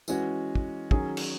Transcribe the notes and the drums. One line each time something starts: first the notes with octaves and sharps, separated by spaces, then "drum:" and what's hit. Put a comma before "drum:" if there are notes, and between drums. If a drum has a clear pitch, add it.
E3 G#3 C#4 F#4, drum: tambourine
drum: kick
D#3 F#3 C#4 G#4, drum: kick
drum: cymbal